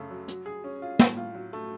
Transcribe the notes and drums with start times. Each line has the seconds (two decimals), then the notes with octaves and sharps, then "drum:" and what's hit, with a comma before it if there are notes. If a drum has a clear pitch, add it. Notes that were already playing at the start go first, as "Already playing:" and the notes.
Already playing: F#2 C#3 A3
0.11 F#3
0.28 F#3, drum: hi-hat
0.46 G#4
0.64 C#4
0.82 F4
0.99 A2, drum: snare
1.17 F4
1.35 F#3
1.53 A3